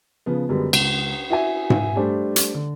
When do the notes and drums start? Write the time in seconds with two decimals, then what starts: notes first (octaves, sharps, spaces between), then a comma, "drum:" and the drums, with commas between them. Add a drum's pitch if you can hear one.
0.26 C#3 F3 B3
0.49 F#2 D3 G3 G#3 B3
0.73 C#2, drum: cymbal
1.30 E4 F#4 E5 G#5
1.70 drum: tom G#2
1.96 G3 A3 D4 G4 C5
2.36 drum: hi-hat
2.55 D3